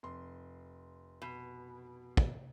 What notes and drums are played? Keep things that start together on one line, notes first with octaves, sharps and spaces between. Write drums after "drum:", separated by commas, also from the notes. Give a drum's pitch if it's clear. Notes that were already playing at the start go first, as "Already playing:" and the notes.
F1 C6
B2
drum: kick